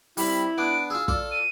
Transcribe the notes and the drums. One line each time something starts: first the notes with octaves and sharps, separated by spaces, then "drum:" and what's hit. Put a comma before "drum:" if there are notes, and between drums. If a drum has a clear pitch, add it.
G3 C4 E4 B5, drum: open hi-hat
B3 D4 D7
F4 G#4 E6
F4 A4 D5, drum: kick
D#7